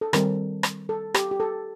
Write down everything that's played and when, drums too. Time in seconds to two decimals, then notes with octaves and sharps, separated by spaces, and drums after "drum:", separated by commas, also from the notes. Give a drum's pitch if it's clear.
0.01 A4
0.13 D#3 G3 C4 A#4, drum: rim click
0.63 drum: rim click
0.89 A4
1.14 G4, drum: rim click
1.31 G4
1.40 A4